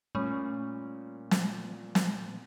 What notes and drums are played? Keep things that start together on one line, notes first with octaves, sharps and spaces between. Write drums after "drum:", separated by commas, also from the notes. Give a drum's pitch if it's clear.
A#2 G3 A3 C#4
drum: snare
drum: snare